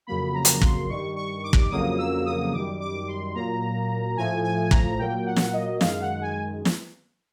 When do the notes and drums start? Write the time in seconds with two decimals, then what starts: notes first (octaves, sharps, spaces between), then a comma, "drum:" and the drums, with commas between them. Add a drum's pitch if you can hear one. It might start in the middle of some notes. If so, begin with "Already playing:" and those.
0.07 F2 C#3 F#3 A#3 B5
0.34 A#5
0.45 drum: hi-hat
0.62 C6, drum: kick
0.89 G2 D#3 G3 C#6
1.16 C#6
1.44 D6
1.53 drum: kick
1.71 F2 C#3 F#3 A#3 D#6
1.98 E6
2.25 D#6
2.53 F#2 D#3 G3 D6
2.81 D6
3.08 C6
3.35 A#2 F#3 A#3 A#5
4.17 A2 F3 A3 G#5
4.44 G#5
4.71 A#5, drum: kick
4.99 A#2 F#3 A#3 G5
5.26 F#5
5.36 drum: snare
5.53 D#5
5.81 F#2 D#3 G#3 F5, drum: snare
6.01 F#5
6.22 G#5
6.65 drum: snare